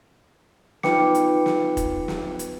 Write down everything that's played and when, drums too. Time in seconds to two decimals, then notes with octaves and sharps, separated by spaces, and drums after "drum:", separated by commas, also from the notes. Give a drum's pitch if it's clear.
0.83 D#4 F4 B4 G5 D6 C#7, drum: snare
1.15 drum: hi-hat
1.46 drum: snare
1.77 drum: kick F1, hi-hat
2.08 drum: snare
2.39 drum: hi-hat